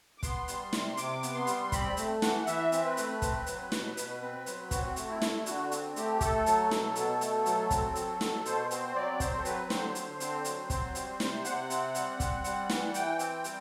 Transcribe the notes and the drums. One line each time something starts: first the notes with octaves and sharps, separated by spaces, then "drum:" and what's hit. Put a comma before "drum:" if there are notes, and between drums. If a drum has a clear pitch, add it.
D6
B3 C6, drum: kick, hi-hat
G3, drum: hi-hat
C3, drum: snare
C3 D6, drum: hi-hat
B3, drum: hi-hat
C6
G3, drum: hi-hat
C4 B5, drum: kick, hi-hat
A3, drum: hi-hat
E3 F#5, drum: snare
E3 E5, drum: hi-hat
C4, drum: hi-hat
B4
A3, drum: hi-hat
C4, drum: kick, hi-hat
F#3, drum: hi-hat
B2, drum: snare
B2, drum: hi-hat
C4
F#3, drum: hi-hat
C4 F#4, drum: kick, hi-hat
A3, drum: hi-hat
E4
D3, drum: snare
D3 F#4, drum: hi-hat
C4, drum: hi-hat
A3 G4, drum: hi-hat
A3 A4, drum: kick, hi-hat
F#3, drum: hi-hat
B2, drum: snare
B2, drum: hi-hat
A3, drum: hi-hat
F#3, drum: hi-hat
C4, drum: kick, hi-hat
F#3, drum: hi-hat
B2, drum: snare
B2 C5, drum: hi-hat
C4 C5, drum: hi-hat
F#3 D5
C4 C5, drum: kick, hi-hat
A4
F#3 B4, drum: hi-hat
D3 C5, drum: snare
D3, drum: hi-hat
C4, drum: hi-hat
F#3, drum: hi-hat
C4, drum: kick, hi-hat
G3, drum: hi-hat
C3, drum: snare
C3 F#5, drum: hi-hat
C4, drum: hi-hat
G3, drum: hi-hat
C4, drum: kick, hi-hat
G3, drum: hi-hat
E3, drum: snare
E3 G5, drum: hi-hat
C4, drum: hi-hat
G3, drum: hi-hat